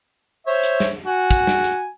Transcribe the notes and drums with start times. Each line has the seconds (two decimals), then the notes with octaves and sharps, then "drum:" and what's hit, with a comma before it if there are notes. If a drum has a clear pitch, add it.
0.47 C5 C#5 E5
0.64 drum: hi-hat
0.80 drum: snare
1.05 F#4 G#5
1.31 drum: kick, hi-hat
1.47 drum: snare
1.64 drum: hi-hat